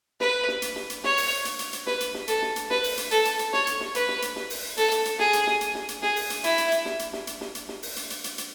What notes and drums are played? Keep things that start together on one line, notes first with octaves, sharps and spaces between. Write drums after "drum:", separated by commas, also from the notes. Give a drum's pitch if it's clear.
B4, drum: snare
drum: snare
drum: hi-hat
drum: snare
drum: hi-hat
C#5, drum: snare
drum: open hi-hat
drum: hi-hat
drum: hi-hat
drum: hi-hat
B4, drum: snare
drum: hi-hat
drum: snare
A4, drum: hi-hat
drum: snare
drum: hi-hat
B4, drum: snare
drum: open hi-hat
drum: hi-hat
A4, drum: hi-hat
drum: hi-hat
drum: hi-hat
C#5, drum: snare
drum: hi-hat
drum: snare
B4, drum: hi-hat
drum: snare
drum: hi-hat
drum: snare
drum: open hi-hat
A4, drum: hi-hat
drum: hi-hat
drum: hi-hat
G#4, drum: snare
drum: hi-hat
drum: snare
drum: hi-hat
drum: snare
drum: hi-hat
G#4, drum: snare
drum: open hi-hat
drum: hi-hat
E4, drum: hi-hat
drum: hi-hat
drum: hi-hat
drum: snare
drum: hi-hat
drum: snare
drum: hi-hat
drum: snare
drum: hi-hat
drum: snare
drum: open hi-hat
drum: hi-hat
drum: hi-hat
drum: hi-hat
drum: hi-hat